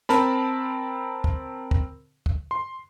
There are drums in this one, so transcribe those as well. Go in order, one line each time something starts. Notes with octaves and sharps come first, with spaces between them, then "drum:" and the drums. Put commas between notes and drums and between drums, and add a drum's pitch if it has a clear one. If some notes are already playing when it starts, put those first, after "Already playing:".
C4 A#4 A5 B5, drum: snare
drum: kick
drum: kick
drum: kick
C6